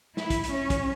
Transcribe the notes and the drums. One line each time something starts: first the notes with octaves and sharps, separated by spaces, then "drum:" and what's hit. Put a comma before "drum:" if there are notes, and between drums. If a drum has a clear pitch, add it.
E4, drum: snare
drum: kick, hi-hat
drum: hi-hat
C#4
drum: kick, hi-hat